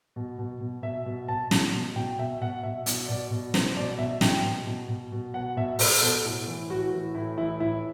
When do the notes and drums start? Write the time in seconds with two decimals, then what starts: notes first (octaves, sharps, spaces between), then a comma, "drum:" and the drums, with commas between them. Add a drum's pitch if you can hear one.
0.16 B2
0.39 B2
0.61 B2
0.83 B2 E5
1.06 B2
1.28 B2 A5
1.51 B2, drum: snare
1.74 B2
1.95 B2 G5
2.19 B2 E5
2.42 B2 F#5
2.63 B2 E5
2.86 B2, drum: hi-hat
3.08 B2 D5
3.31 B2
3.54 B2 C5, drum: snare
3.76 B2 D5
3.98 B2 E5
4.21 B2 G5, drum: snare
4.44 B2
4.66 B2
4.89 B2
5.12 B2
5.34 B2 F#5
5.57 B2 E5
5.79 B2 C5, drum: open hi-hat
6.02 B2 A4
6.25 A2
6.47 E3
6.69 A2 F#4
6.92 E3
7.15 A2 E4
7.37 E3 E4
7.60 A2 E4